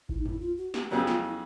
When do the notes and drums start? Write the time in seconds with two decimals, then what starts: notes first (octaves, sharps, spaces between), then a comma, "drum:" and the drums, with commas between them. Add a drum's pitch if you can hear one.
0.09 E4, drum: kick G#1
0.18 D#4
0.26 E4, drum: tom
0.41 F4
0.58 F#4
0.74 G4, drum: snare
0.90 F2 C#3 F#3 B3 G4
1.07 F4, drum: snare
1.23 E4